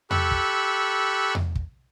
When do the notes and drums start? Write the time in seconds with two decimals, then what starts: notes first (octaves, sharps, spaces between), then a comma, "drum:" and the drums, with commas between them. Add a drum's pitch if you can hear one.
0.11 G4 A4 B5 C#6 E6 F#6, drum: tom E2
0.31 drum: kick
1.35 drum: tom E2
1.55 drum: kick